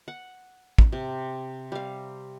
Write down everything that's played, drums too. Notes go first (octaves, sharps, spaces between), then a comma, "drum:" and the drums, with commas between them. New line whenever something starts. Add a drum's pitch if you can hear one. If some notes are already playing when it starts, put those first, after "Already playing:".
F#5
drum: kick
C3
G3 F5